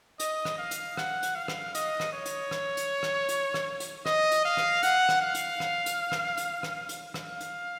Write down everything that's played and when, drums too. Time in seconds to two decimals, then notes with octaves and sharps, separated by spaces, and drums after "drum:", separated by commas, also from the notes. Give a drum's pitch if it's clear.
0.20 D#5, drum: hi-hat
0.45 drum: rim click
0.58 F5
0.71 drum: hi-hat
0.97 F#5, drum: rim click
1.23 drum: hi-hat
1.35 F5
1.48 drum: rim click
1.75 D#5, drum: hi-hat
2.00 drum: rim click
2.13 C#5
2.26 drum: hi-hat
2.51 drum: rim click
2.77 drum: hi-hat
3.03 drum: rim click
3.29 drum: hi-hat
3.54 drum: rim click
3.80 drum: hi-hat
4.06 D#5, drum: rim click
4.32 drum: hi-hat
4.45 F5
4.57 drum: rim click
4.83 F#5, drum: hi-hat
5.09 drum: rim click
5.22 F5
5.35 drum: hi-hat
5.60 drum: rim click
5.86 drum: hi-hat
6.12 drum: rim click
6.37 drum: hi-hat
6.63 drum: rim click
6.89 drum: hi-hat
7.14 F5, drum: rim click
7.40 drum: hi-hat